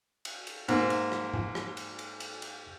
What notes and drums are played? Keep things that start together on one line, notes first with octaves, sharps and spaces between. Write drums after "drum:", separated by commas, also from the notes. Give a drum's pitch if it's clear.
drum: cymbal
drum: cymbal
G#2 A#3, drum: cymbal
drum: cymbal
drum: rim click
drum: tom G#2
drum: rim click
drum: cymbal
drum: cymbal
drum: cymbal
drum: cymbal